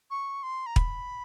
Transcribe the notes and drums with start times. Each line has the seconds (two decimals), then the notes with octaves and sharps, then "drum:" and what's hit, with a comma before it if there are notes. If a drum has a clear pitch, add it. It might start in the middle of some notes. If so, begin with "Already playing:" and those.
0.11 C#6
0.43 C6
0.66 A#5
0.76 B5, drum: kick